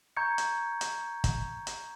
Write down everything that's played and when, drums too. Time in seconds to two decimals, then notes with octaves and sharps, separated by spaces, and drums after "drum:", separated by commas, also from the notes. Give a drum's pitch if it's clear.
0.17 A#5 C#6 G6 G#6 C#7
0.38 drum: hi-hat
0.81 drum: hi-hat
1.24 drum: kick, hi-hat
1.67 drum: hi-hat